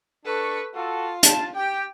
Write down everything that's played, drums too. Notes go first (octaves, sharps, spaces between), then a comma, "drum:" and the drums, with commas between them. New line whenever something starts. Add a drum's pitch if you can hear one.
D4 A4 B4 C#6
F4 F#4 A4
A5, drum: hi-hat
G4 G5